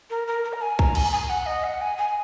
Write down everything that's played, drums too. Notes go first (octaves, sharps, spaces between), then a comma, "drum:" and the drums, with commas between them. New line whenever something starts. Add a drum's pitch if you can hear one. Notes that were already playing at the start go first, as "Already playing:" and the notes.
A#4
A#4
A#4
A#5
G#5
A#5, drum: kick
G#5, drum: cymbal
G#5
F#5
D#5
F#5
G#5
G#5